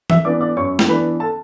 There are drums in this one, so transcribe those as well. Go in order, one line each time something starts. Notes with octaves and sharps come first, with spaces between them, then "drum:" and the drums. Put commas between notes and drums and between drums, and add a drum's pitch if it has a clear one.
E5 E6, drum: tom E3
E3 B3 D4 D5 D6
D5 D6
F#2 C#5 C#6
drum: snare
E3 B3 D4 B4 B5
A4 A5